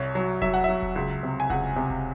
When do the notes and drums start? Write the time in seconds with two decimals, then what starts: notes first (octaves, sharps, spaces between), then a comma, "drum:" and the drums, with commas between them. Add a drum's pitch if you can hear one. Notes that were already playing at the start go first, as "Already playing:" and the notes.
Already playing: C2 C#5
0.15 F#3
0.42 F#3 E5, drum: kick E1
0.54 F#5, drum: open hi-hat
0.64 F#3 E5
0.82 drum: kick E1, hi-hat
0.96 C#2
1.09 drum: hi-hat
1.23 C3
1.40 G#5
1.50 C#2 F#5, drum: kick E1
1.63 drum: hi-hat
1.76 C3
1.90 drum: kick E1